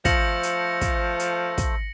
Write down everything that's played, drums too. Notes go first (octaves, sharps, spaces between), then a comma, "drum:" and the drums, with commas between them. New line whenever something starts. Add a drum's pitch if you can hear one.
F3 A3 A4 C5 A#6 C#7 F#7, drum: kick, hi-hat
drum: hi-hat
drum: kick, hi-hat
drum: hi-hat
drum: kick, hi-hat